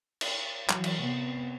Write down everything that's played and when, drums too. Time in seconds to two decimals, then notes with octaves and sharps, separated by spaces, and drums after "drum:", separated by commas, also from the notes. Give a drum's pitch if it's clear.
0.21 drum: cymbal
0.69 E3 F#3, drum: clap
0.84 drum: cymbal
1.01 C3 B3